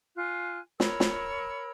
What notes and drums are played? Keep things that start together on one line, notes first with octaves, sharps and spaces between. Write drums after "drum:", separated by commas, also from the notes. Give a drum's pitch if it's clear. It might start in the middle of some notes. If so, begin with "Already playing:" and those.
F4 G#5 F#6
A#4 C#5 B5 E6, drum: snare
drum: snare